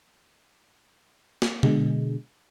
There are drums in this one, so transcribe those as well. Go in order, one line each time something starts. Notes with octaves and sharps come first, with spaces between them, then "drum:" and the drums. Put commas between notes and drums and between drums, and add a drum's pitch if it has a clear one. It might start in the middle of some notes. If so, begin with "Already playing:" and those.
drum: snare
B2 D3 G#3, drum: tom B2